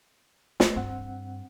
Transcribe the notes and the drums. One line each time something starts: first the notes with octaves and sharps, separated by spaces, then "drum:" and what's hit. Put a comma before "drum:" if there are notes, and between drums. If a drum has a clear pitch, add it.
A3 D#4 B4 C#5 D#5, drum: snare
G2 C4 F#5